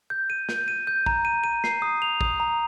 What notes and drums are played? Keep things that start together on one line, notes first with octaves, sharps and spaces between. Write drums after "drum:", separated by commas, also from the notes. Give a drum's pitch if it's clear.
G6
D#7
G6, drum: snare
D#7
G6
A#5, drum: kick
D#7
D#7
C7, drum: snare
D#6
F7
D#6, drum: kick
A#5